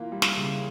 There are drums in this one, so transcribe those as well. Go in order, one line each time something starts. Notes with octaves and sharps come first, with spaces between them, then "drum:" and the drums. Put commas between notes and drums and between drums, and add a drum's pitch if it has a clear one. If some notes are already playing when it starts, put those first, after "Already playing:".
Already playing: E3 A#3 F4
G3
drum: snare
C#3